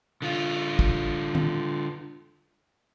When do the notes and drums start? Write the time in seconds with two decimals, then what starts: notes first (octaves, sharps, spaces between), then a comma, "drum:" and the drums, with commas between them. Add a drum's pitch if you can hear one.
0.22 D3 F4
0.79 drum: kick
1.35 drum: tom